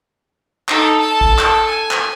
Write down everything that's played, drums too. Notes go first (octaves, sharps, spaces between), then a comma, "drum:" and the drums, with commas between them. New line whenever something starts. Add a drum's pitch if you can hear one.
D#4 A4, drum: clap
A4 A5
drum: kick A1
drum: clap
G#5
drum: clap